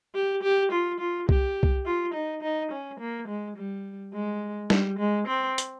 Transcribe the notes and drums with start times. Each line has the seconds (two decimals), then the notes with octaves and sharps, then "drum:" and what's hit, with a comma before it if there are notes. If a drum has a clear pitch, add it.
0.15 G4
0.43 G4
0.72 F4
1.00 F4
1.29 G4, drum: kick C2
1.63 drum: kick C2
1.86 F4
2.14 D#4
2.42 D#4
2.71 C#4
3.00 A#3
3.28 G#3
3.57 G3
4.13 G#3
4.70 G3, drum: snare
4.99 G#3
5.27 C4
5.58 drum: hi-hat